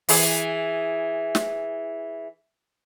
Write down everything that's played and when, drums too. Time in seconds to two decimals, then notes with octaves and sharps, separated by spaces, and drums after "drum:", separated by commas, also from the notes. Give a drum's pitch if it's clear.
0.09 E3 G#4, drum: open hi-hat
1.35 drum: snare